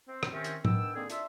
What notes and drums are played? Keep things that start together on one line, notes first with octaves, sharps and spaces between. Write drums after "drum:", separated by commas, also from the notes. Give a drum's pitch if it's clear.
C4
drum: rim click
C3 D#3 C4 C#4
drum: hi-hat
D#3 B3 D4 G5 E6, drum: tom
D3 D#3 A#3 C4 G#4
D4 F4 E5, drum: hi-hat